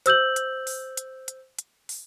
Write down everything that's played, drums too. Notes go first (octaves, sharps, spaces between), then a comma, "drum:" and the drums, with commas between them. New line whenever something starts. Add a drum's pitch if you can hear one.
C5 E6 G6 F#7, drum: hi-hat
drum: hi-hat
drum: open hi-hat
drum: hi-hat
drum: hi-hat
drum: hi-hat
drum: open hi-hat